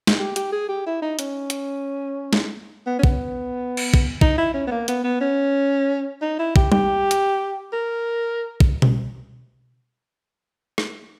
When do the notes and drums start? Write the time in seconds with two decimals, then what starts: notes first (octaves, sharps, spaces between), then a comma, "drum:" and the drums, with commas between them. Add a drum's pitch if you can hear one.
0.07 drum: snare
0.19 G4
0.36 G4, drum: hi-hat
0.52 G#4
0.68 G4
0.86 E4
1.02 D#4
1.19 C#4, drum: hi-hat
1.50 drum: hi-hat
2.33 drum: snare
2.87 B3
2.99 C#4
3.03 B3, drum: kick
3.77 drum: cymbal
3.94 drum: kick
4.21 D#4, drum: kick
4.38 E4
4.54 C#4
4.67 B3
4.71 A#3
4.88 B3, drum: hi-hat
5.04 B3
5.21 C#4
6.22 D#4
6.39 E4
6.56 G4, drum: kick
6.72 G4, drum: tom G3
7.11 drum: hi-hat
7.73 A#4
8.60 drum: kick
8.82 drum: tom B2
10.78 drum: rim click